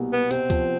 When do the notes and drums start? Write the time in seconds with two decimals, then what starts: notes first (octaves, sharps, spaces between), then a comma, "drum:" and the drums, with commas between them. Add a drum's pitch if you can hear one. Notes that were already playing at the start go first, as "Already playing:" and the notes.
Already playing: C2 B2 A#3
0.13 B2 B3
0.31 C3 C4, drum: hi-hat
0.50 F3, drum: kick C#2, hi-hat